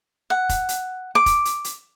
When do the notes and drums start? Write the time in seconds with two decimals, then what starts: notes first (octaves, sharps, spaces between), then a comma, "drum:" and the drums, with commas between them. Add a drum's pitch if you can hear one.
0.30 F#5
0.49 drum: kick F1, hi-hat
0.69 drum: hi-hat
1.15 D6
1.26 drum: kick F1, hi-hat
1.45 drum: hi-hat
1.64 drum: hi-hat